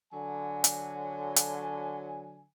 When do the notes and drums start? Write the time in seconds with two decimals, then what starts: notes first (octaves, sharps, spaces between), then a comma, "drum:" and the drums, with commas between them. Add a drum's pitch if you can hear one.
0.13 D3 F#3 G#5
0.64 drum: hi-hat
1.36 drum: hi-hat